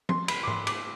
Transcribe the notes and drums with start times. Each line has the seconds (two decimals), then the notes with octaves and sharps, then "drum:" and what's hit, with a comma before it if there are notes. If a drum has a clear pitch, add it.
0.09 C6, drum: tom F3
0.28 B5, drum: cymbal
0.43 D6
0.47 C6, drum: tom G#2
0.67 D6, drum: cymbal